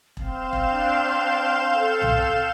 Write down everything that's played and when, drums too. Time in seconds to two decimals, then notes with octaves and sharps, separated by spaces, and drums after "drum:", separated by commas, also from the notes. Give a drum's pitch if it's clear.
0.17 C4 F5 G6 E7, drum: kick E1
0.53 drum: kick E1
0.72 D4
1.74 A4
2.02 drum: tom C2